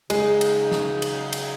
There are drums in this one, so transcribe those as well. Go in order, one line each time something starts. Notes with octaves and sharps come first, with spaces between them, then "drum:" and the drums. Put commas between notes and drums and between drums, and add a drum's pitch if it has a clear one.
C#3 F#3 G#3 D#4, drum: cymbal
drum: cymbal
drum: snare
drum: cymbal
drum: cymbal